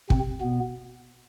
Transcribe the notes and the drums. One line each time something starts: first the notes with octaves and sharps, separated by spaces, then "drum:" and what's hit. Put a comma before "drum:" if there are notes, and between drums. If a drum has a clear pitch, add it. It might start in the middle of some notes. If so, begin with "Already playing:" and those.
C3 C4, drum: kick
B2 B3